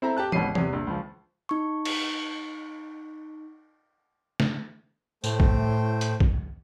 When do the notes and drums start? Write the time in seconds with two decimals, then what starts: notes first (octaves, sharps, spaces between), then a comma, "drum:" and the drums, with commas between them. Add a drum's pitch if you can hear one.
0.02 C4 E4 A4 A#5
0.17 G4 G5 A5 F#6
0.32 G#1 C#2 B2 C#4 C7 D#7, drum: tom E3
0.55 E2 C3, drum: tom E3
0.73 A#1
0.87 C#2 F3
1.49 D#4 C#6
1.85 drum: cymbal
4.40 drum: snare
5.24 A2 A3 C5 G5, drum: tambourine
5.40 drum: kick
6.01 drum: hi-hat
6.20 drum: kick